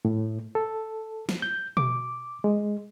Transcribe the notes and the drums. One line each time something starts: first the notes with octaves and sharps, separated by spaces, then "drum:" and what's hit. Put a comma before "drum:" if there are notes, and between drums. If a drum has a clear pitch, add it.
A2
A4
drum: snare
G6
D6, drum: tom B2
G#3